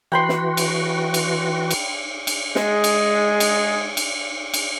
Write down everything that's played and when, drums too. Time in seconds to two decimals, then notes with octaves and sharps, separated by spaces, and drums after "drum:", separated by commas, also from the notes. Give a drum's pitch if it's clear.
0.12 E3 F#4 G5 B5 C6
0.29 drum: snare
0.57 drum: cymbal
1.14 drum: cymbal
1.71 drum: cymbal
2.27 drum: cymbal
2.55 G#3 G#4, drum: snare
2.84 drum: cymbal
3.40 drum: cymbal
3.97 drum: cymbal
4.54 drum: cymbal